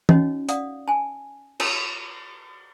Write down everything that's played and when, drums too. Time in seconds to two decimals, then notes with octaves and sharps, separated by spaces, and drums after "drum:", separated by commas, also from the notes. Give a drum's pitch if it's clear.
0.09 C#4 D#4 F#4 C#5 D#5, drum: tom
0.49 D5 F5 F#5 D#6, drum: hi-hat
0.88 G#5 A5
1.60 F4 C#5 A5 E6, drum: cymbal